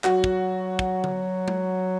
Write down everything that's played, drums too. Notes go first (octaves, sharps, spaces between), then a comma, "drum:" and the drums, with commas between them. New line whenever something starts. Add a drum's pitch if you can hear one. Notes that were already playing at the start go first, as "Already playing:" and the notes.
F#3 F#4, drum: clap
drum: kick
drum: kick
drum: tom D3
drum: tom G#3